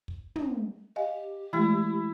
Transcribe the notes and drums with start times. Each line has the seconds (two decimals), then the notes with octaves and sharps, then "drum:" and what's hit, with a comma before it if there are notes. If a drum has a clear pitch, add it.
0.08 drum: kick
0.36 drum: tom
0.96 G4 D#5 F5 G#5
1.53 E3 G#3 A3 E4